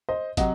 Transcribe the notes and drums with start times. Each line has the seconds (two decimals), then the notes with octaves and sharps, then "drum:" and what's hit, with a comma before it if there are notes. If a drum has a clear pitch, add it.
0.09 C5 D#5
0.37 C3 F#3 D#5 F#5, drum: kick, hi-hat